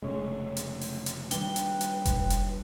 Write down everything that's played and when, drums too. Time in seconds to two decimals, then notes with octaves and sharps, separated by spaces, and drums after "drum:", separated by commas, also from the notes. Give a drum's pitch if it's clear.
0.02 F1 C#3 G#3 A3 C#4 C#5
0.57 drum: hi-hat
0.81 drum: open hi-hat
1.06 drum: hi-hat
1.31 D#3 G3 D4 B4 G5, drum: hi-hat
1.56 drum: hi-hat
1.81 drum: hi-hat
2.05 drum: kick F1, hi-hat
2.30 drum: hi-hat